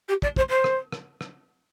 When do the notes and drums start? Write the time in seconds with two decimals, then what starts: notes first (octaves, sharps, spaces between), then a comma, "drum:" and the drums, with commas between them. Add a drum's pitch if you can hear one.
0.08 G4
0.22 D5, drum: kick
0.36 C5, drum: kick
0.50 C5
0.64 drum: rim click
0.92 drum: rim click
1.21 drum: rim click